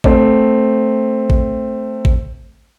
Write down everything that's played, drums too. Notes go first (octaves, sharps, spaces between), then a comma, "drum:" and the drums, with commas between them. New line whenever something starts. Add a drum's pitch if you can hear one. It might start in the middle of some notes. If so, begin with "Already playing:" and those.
A3 C4, drum: kick A1
drum: kick A1
drum: kick A1